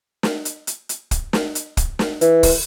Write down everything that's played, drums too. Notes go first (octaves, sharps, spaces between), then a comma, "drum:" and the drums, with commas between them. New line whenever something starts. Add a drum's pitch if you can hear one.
drum: snare
drum: hi-hat
drum: hi-hat
drum: hi-hat
drum: kick, hi-hat
drum: snare
drum: hi-hat
drum: kick, hi-hat
drum: snare
E3, drum: hi-hat
drum: kick, open hi-hat